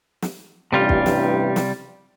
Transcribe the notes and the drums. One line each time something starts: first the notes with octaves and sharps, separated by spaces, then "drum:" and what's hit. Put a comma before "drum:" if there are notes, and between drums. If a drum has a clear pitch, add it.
drum: snare
A1 G2 C3 G3 F4
drum: kick
drum: snare
drum: snare